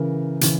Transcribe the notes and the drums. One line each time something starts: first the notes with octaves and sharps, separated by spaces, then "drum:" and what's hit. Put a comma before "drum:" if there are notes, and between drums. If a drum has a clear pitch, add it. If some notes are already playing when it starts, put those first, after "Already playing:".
Already playing: C#3 E3 A#4
C#3 E3, drum: hi-hat